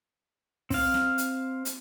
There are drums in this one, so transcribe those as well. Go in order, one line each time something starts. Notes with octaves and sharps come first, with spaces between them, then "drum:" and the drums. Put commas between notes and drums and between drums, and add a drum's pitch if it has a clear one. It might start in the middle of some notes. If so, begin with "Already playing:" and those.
C4 F5, drum: kick, open hi-hat
drum: snare
drum: hi-hat
drum: hi-hat